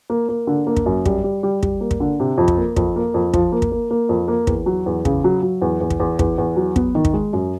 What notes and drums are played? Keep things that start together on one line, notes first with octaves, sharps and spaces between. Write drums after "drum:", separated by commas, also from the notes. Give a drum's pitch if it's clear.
A#3
A#3
D3
A#3
drum: kick
F#2
G3, drum: kick
G3
G3
G3, drum: kick
A#3
drum: kick
D3
C3
F2
drum: kick
A#3
F2, drum: kick
A#3
F2
F3, drum: kick
A#3
drum: kick
A#3
A#3
F2
A#3
E2, drum: kick
F#3
E2
C#3, drum: kick
F#3
F#3
E2
E2
drum: kick
E2
E2, drum: kick
E2
F#3
B3, drum: kick
D#3
drum: kick
G#3
F#2